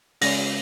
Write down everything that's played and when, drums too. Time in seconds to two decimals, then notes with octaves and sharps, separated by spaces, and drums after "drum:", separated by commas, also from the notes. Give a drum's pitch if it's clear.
0.21 C#3 G#3 C#4 A#6, drum: open hi-hat